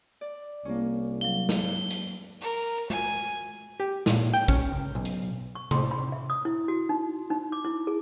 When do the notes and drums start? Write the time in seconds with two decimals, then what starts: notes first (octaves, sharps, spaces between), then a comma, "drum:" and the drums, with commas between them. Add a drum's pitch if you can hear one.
0.21 D5
0.65 C2 A#3 C#4 C#5
1.21 F#3 F5 G7
1.49 drum: snare
1.91 drum: hi-hat
2.41 A#4, drum: open hi-hat
2.90 G#5, drum: tom G#3
3.80 G4
4.06 A#2, drum: snare
4.34 G5
4.48 C#4, drum: kick
4.72 C#2
4.95 B1
5.05 drum: hi-hat
5.55 C#6
5.71 C6, drum: tom C3
5.91 B5
6.12 E5
6.30 D#6
6.45 E4
6.68 F#4
6.89 D#4
7.30 D#4
7.52 D6
7.65 E4
7.87 G#4